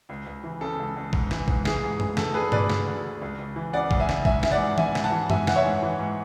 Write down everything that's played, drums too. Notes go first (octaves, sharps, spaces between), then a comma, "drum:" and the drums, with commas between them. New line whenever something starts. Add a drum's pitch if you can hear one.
C#2
C#2
E3
C#3 A4
C#2
C#2
G#2, drum: kick A1
E3, drum: snare
G#2, drum: kick A1
E3 G#4, drum: snare
G#2
E3, drum: tom F#2
D2 A4, drum: snare
D3 G#4 B4
D2 B4 D5, drum: tom G2
D3, drum: snare
D2
D3
C#2
C#2
E3
C#3 D5 F#5
C#2, drum: kick A1
E5 G#5
C#2, drum: snare
G#2 E5 G#5, drum: kick A1
E3 E5, drum: snare
D5 F#5
G#2
E3 E5 G#5, drum: tom D#3
G#2, drum: snare
F#5 A5
E3
G#2 E5 G#5, drum: tom F#2
E3 F#5, drum: snare
C#5 E5
G#2
E3
G#2